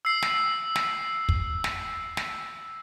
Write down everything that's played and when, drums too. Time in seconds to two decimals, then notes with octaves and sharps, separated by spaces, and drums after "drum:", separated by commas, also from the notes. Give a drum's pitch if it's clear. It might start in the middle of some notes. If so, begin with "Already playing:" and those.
0.05 E6 C7
0.22 drum: snare
0.76 drum: snare
1.29 drum: kick
1.64 drum: snare
2.17 drum: snare